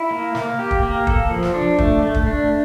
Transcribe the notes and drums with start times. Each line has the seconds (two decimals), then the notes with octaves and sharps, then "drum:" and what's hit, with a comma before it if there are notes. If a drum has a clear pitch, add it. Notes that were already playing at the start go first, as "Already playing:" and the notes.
Already playing: E4
0.11 A#3
0.35 A#3, drum: snare
0.59 G4
0.71 drum: kick
0.83 A#3
1.07 A4, drum: kick
1.31 F3
1.43 drum: snare
1.54 D4
1.78 A3, drum: kick
2.02 A3
2.14 drum: kick
2.26 D4